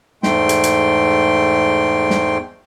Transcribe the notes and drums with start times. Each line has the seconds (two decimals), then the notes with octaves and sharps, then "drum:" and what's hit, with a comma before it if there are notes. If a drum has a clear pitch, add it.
0.23 E2 G#2 A3 G5 C6, drum: snare
0.49 drum: hi-hat
0.64 drum: hi-hat
2.10 drum: snare